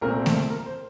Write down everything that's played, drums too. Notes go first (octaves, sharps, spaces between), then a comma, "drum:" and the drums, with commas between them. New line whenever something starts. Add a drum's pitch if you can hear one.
C2 A#2 A3 C4 A#4
drum: snare A3
A#4
C5